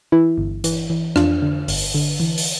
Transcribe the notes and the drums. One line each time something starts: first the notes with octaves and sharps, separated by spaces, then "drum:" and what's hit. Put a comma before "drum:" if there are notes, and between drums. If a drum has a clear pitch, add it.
E3 E4
G1
E3, drum: hi-hat
E3
F2 D4 F4, drum: rim click
D3
G1, drum: open hi-hat
D3
E3
drum: open hi-hat